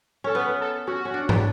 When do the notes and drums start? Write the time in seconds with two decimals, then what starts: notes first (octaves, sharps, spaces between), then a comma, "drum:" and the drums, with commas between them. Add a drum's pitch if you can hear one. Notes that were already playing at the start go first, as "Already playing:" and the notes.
0.24 C#4 A4
0.35 B3 B4
0.61 A4
0.87 C#4 F#4
1.05 C#4
1.14 D4
1.29 D4, drum: tom G#2